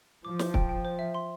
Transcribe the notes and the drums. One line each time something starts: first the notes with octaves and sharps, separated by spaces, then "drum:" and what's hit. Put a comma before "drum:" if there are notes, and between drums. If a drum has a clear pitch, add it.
F3 D6
C5, drum: snare
G5, drum: kick
G5
C5
E5
C6